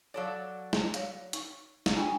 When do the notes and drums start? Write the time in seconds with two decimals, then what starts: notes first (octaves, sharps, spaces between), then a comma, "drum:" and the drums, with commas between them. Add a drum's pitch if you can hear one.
0.14 F#3 A4 C#5 D5 F5
0.73 drum: snare
0.94 C#5 F5, drum: hi-hat
1.33 D#4, drum: hi-hat
1.86 drum: snare
1.97 D4 F4 G#4 G5 G#5